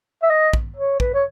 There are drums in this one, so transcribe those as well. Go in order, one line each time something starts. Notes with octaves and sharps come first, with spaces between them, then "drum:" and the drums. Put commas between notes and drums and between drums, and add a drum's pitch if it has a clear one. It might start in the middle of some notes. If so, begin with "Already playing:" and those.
E5
D#5
drum: kick
C#5
B4, drum: kick
C#5